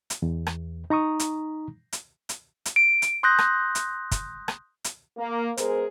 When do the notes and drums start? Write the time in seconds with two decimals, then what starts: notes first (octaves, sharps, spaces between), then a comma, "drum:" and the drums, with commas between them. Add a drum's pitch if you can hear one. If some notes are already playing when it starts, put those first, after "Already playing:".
0.10 drum: hi-hat
0.22 E2
0.47 drum: rim click
0.90 D#4 A#5 C#6 D#6
1.20 drum: hi-hat
1.93 drum: hi-hat
2.29 drum: hi-hat
2.65 drum: hi-hat
2.76 D7
3.02 drum: hi-hat
3.23 C6 D#6 F#6 G6 A#6
3.38 drum: rim click
3.75 drum: hi-hat
4.11 drum: kick, hi-hat
4.48 drum: rim click
4.84 drum: hi-hat
5.18 A#3
5.57 G#3 B3 G#4 A#4 C5, drum: hi-hat